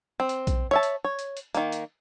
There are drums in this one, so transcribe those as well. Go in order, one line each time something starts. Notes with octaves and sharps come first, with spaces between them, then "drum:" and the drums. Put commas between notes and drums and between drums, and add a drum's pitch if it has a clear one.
C4
drum: hi-hat
drum: kick B1, hi-hat
C#5 E5 A5
drum: hi-hat
C#5
drum: hi-hat
drum: hi-hat
D#3 A#3, drum: hi-hat
drum: hi-hat